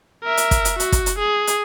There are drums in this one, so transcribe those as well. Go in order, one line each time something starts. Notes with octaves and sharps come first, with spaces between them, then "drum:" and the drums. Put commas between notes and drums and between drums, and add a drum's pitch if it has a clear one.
A#4 E5
drum: hi-hat
drum: kick, hi-hat
drum: hi-hat
F#4, drum: hi-hat
drum: kick, hi-hat
drum: hi-hat
G#4
drum: hi-hat